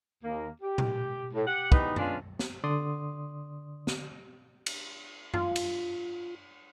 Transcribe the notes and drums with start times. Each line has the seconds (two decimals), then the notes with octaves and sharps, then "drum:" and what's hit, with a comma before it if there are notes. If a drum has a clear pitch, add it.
0.24 D#2 A#3
0.61 G4
0.78 drum: tom A#2
1.33 A2
1.46 G4 F#5
1.72 G#2 E3 B3 D#4 G4 B4, drum: kick
1.96 G#3 B3 C#4 D4 F4, drum: tom F#2
2.39 drum: snare
2.64 D3 D5 C6 D#6
3.87 drum: snare
4.66 drum: cymbal
5.34 F4, drum: tom F#2
5.56 drum: cymbal